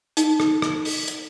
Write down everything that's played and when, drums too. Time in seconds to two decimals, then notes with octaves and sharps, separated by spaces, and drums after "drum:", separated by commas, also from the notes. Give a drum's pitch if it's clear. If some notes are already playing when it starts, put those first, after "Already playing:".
0.17 D#4, drum: hi-hat
0.40 drum: rim click
0.62 drum: rim click
0.85 drum: open hi-hat
1.08 drum: hi-hat